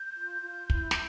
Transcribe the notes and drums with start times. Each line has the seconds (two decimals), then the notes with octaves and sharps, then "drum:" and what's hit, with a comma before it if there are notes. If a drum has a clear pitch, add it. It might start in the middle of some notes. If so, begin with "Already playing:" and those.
Already playing: G6
0.15 F4
0.42 F4
0.70 E4, drum: kick
0.91 drum: snare